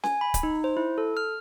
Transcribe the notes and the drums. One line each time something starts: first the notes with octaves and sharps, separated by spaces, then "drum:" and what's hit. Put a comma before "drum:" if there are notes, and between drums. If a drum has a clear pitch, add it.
G#5, drum: snare C#4
B5
drum: kick C#1, hi-hat
D#4
C5
E4
A4
F6